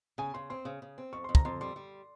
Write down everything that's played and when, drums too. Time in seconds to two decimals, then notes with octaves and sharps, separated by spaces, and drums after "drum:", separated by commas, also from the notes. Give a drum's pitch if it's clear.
0.18 C#3 G#5
0.34 C#3 C6
0.50 C4 C6
0.65 C#3
0.82 C#3
0.98 C4
1.13 F2 C#6
1.24 F2 C6
1.35 A#5, drum: kick
1.45 F2 C6
1.61 G3 C6
1.76 G3